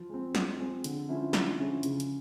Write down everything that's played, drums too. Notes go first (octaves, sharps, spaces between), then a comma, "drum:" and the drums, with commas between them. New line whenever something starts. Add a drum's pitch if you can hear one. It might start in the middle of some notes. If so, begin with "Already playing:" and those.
Already playing: F3
G#3 C4
F3, drum: snare
G#3 C4
D3, drum: hi-hat
F3 G#3 C#4 E4
D3, drum: snare
F3 G#3 C#4 E4
C#3, drum: hi-hat
drum: hi-hat